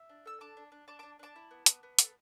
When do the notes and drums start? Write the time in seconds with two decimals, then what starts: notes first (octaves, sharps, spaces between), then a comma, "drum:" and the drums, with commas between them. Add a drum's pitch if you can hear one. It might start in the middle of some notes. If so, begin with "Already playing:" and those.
Already playing: E5
0.09 D4
0.26 A4 E6
0.41 D4 A5 D6
0.57 D4
0.72 D4
0.88 D4 A5 D6
0.99 D4 A5 D6
1.19 D4 A5 D6
1.36 E4
1.51 B3
1.66 B3, drum: hi-hat
1.83 B3
1.99 A4, drum: hi-hat